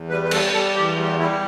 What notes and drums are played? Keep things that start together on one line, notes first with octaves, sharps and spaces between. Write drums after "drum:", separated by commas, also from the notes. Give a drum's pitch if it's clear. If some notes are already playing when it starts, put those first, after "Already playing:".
Already playing: E2
G3 B4
B4
G3 A4, drum: cymbal
G3 A4
E2 G4
G3
G3 E4